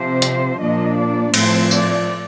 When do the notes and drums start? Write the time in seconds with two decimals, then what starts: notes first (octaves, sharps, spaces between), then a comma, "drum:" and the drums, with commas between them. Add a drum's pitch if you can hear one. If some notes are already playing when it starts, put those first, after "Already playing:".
Already playing: C3 F3 C4 C5
0.22 drum: hi-hat
0.60 A#2 F3 A#3 D4 D#5
0.97 D5
1.34 A2 F3 A3 C4 C5, drum: cymbal
1.71 D5, drum: tambourine